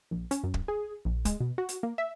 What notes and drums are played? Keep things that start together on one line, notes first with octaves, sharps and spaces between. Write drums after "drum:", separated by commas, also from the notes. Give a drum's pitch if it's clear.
A#1
C#4, drum: hi-hat
F#2
drum: kick
G#4
A#1
G#3, drum: kick, hi-hat
B2
F#4
drum: hi-hat
A#3
E5